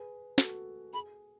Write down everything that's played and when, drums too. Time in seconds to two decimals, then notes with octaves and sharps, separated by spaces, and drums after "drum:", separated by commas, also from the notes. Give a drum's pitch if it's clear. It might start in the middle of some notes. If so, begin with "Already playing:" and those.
Already playing: G#4 B4
0.38 F#4 A4, drum: snare
0.93 G#4 B5